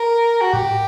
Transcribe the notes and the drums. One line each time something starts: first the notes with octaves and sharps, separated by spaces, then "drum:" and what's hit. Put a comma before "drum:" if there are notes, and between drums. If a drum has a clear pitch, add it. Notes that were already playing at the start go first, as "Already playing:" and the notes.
Already playing: A#4
F#4
G4, drum: tom G#2